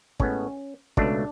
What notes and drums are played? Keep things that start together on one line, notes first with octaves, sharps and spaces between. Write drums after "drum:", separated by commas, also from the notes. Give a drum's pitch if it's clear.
A2 G#3 B3 C#4, drum: kick
C#2 B2 A3 D4, drum: kick